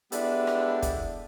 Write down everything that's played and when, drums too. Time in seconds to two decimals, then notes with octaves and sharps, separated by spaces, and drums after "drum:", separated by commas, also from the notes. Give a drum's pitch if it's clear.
0.12 G#3 B3 D4 E4 G4 A4, drum: hi-hat
0.47 drum: rim click
0.82 drum: kick, hi-hat